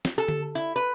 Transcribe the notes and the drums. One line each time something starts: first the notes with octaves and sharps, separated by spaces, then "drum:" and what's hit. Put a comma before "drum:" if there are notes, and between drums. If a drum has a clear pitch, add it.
drum: snare
A4
drum: tom D3
E4
B4